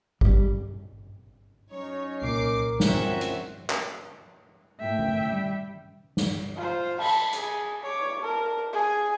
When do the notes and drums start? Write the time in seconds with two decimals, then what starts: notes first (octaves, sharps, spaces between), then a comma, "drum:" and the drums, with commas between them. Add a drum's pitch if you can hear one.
0.21 G3, drum: kick G#1
1.71 F#3 C#4 D#4 C#5
2.22 C2 A#2 A#4 D6 C7
2.80 F3 C4 C#4 F#4 E5, drum: snare
3.21 drum: hi-hat
3.70 drum: clap
4.80 A2 E5 G5
4.99 drum: tom D#3
5.25 G3
6.17 drum: snare
6.56 F4 C5
6.99 A5 B5, drum: cymbal
7.33 G#4, drum: hi-hat
7.83 C#5 D6
8.00 drum: cymbal
8.22 A#4 A5
8.73 G#4 G#5